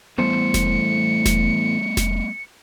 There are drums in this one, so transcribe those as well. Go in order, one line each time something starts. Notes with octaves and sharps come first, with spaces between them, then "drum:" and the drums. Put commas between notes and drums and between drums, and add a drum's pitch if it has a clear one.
E2 A2 G3 A3 B3 C5 C#7
drum: snare F1
drum: snare F1
drum: snare F1